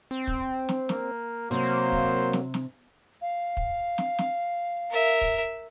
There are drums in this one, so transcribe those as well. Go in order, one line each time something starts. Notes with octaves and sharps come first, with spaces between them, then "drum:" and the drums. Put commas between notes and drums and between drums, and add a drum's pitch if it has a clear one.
C4
drum: kick
drum: snare
A#3, drum: snare
C3 F#3 A#3 C5
drum: kick
drum: snare
drum: snare
F5
drum: kick
drum: snare
drum: snare
A#4 E5
drum: kick